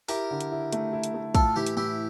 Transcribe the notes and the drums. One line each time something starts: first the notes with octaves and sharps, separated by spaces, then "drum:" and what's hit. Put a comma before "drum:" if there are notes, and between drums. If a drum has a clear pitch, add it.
E4 G4 A#4, drum: open hi-hat
D3
drum: hi-hat
E4
A3, drum: hi-hat
E4
drum: hi-hat
A3
A2 F4 A4, drum: kick, hi-hat
E3 E4 G4
drum: hi-hat
A2 E4 G4